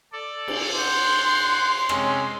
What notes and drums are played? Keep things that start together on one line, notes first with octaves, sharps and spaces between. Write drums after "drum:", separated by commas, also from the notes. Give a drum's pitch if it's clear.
A4 D5
drum: cymbal
F#5 C6 G6
C3 G#3 C#4, drum: rim click